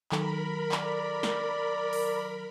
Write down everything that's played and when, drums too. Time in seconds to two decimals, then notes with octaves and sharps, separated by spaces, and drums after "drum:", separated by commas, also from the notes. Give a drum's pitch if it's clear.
0.12 D#3 F#3 A4 A#4 B5, drum: clap
0.72 D5, drum: clap
1.23 drum: snare
1.93 drum: open hi-hat